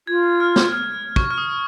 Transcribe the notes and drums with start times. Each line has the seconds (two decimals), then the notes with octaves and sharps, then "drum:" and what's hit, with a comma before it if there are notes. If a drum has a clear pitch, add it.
0.07 F4 G#6
0.40 F6
0.56 drum: snare
0.72 F6
1.16 C#6, drum: kick
1.31 F6
1.38 D#6